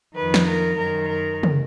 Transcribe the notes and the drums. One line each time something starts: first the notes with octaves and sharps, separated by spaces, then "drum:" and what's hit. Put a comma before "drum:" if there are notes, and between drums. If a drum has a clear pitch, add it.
F2 D#3 B4
drum: snare
A#4
F#2 D#3 A#4
A#4
drum: tom